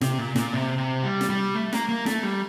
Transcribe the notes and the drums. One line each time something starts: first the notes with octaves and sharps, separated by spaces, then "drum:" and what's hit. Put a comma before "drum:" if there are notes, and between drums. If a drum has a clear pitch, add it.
C3, drum: snare
A#2
A#2, drum: snare
C3
C3
G3
drum: snare
G3
A3
A#3, drum: snare
A#3
A3, drum: snare
G3